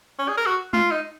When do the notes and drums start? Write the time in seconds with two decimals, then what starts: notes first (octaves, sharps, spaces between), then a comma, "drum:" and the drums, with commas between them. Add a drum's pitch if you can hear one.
0.19 C#4
0.28 G#4
0.37 A#4
0.46 F#4
0.73 F4, drum: tom G#3
0.91 D#4